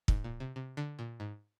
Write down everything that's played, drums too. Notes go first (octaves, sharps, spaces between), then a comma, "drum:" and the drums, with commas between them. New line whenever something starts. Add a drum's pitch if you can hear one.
G#2, drum: kick
A#2
C3
C3
D3
A#2
G#2